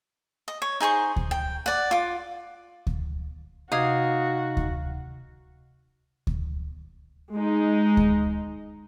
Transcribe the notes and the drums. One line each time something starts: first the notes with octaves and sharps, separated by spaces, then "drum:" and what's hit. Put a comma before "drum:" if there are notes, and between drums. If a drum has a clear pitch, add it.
D#5
C#5
D#4 G#4 C5 C#6
drum: kick D2
G5
D5 F#5
F4 D6
drum: kick D2
C3 D#4 F#4 F5 D6 D#6 G#6 C7
drum: kick D2
drum: kick D2
G#3 D#4
drum: kick D2